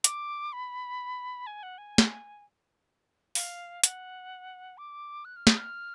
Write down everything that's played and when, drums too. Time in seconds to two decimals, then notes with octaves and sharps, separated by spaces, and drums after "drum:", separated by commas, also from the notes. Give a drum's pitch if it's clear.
0.04 D6, drum: hi-hat
0.53 B5
1.47 G#5
1.63 F#5
1.78 G#5
1.98 drum: snare
3.35 F5, drum: open hi-hat
3.84 F#5, drum: hi-hat
4.78 D6
5.25 F#6
5.36 F6
5.47 D#6, drum: snare
5.57 F6